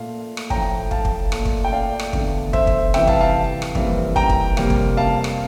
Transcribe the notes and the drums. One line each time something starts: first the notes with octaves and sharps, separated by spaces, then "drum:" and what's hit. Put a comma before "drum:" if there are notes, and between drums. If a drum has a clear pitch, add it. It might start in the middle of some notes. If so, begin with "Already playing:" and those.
Already playing: A#2 A3 F5
drum: rim click
A2 F3 A3 G5 A#5, drum: kick
F5 A5, drum: kick
drum: kick
A#2 A3, drum: rim click
drum: kick
G5
D5 F5
drum: rim click
E2 D3 A3, drum: kick
C5 E5, drum: kick
drum: kick
C3 E3 G3 E5 G5, drum: rim click
F5 A5, drum: kick
F5 A5
drum: rim click
F2 E3 G3 A#3, drum: kick
G5 A#5, drum: kick
drum: kick
F2 C3 G3 A#3, drum: rim click
drum: kick
F5 A5
drum: rim click